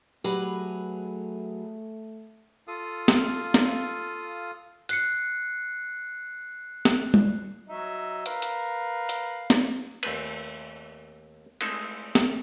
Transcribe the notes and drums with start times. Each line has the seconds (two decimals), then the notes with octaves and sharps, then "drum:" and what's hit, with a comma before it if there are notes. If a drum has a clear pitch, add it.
0.24 F#3 A3 G4 G#4 B4, drum: tambourine
2.68 F4 A4 F5 D#6
3.08 drum: snare
3.54 drum: snare
4.89 F#6 C7 C#7, drum: hi-hat
6.85 drum: snare
7.14 drum: tom G3
7.68 F#3 D#4 E5
8.26 A#4 B4 F5, drum: hi-hat
8.42 drum: hi-hat
9.09 drum: hi-hat
9.50 drum: snare
10.03 D#2 A3 C4 B4, drum: cymbal
11.61 G#3 A3 C4 D#4 E4 A4, drum: cymbal
12.15 drum: snare